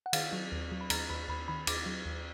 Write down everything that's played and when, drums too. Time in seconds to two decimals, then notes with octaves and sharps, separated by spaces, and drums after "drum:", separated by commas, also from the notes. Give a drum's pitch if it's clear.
0.06 F#5
0.13 D#3 F5, drum: cymbal
0.33 F#3
0.52 D#2
0.72 F#3
0.81 B5
0.90 D#2 A#5, drum: cymbal
1.10 D#2 B5
1.28 D#2 B5
1.48 D#3 B5
1.67 D#2 D6, drum: cymbal
1.86 F#3
2.06 D#2